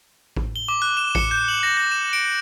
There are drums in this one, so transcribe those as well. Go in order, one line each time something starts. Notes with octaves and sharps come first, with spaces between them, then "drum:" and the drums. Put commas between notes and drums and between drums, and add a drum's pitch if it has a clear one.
drum: kick A1
G7
D6
F#6
E7
C#7, drum: kick A1
G6
F#7
A#6
A#6
E7
D7